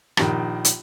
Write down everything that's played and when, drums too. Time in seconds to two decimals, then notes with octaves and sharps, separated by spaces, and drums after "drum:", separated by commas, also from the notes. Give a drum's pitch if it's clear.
0.17 A#1 D#3 G4, drum: rim click
0.65 drum: hi-hat